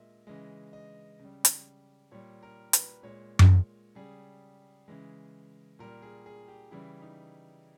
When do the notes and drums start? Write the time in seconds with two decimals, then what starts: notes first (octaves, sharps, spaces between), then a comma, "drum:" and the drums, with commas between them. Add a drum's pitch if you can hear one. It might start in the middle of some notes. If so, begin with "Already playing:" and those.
Already playing: A#2 G#3 D#5 E5
0.27 C#3 E3 G#3 D#5
0.73 D#5
1.19 C#3 G3
1.45 drum: hi-hat
2.12 A#2 G3 C#5
2.43 A#4
2.73 B4, drum: hi-hat
3.03 A#2 G#3 C#5
3.39 drum: tom F#2
3.95 C#3 G3 G#4
4.88 C#3 E3 G#3
5.79 A#2 G3 A#4
6.02 G#4
6.26 G#4
6.48 G4
6.71 C#3 E3 G3 E4
7.02 D#4